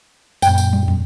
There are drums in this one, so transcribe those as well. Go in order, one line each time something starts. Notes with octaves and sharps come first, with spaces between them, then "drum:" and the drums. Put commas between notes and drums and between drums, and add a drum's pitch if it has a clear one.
F#2 A#2 G5, drum: tambourine
drum: tambourine
drum: tom
drum: tom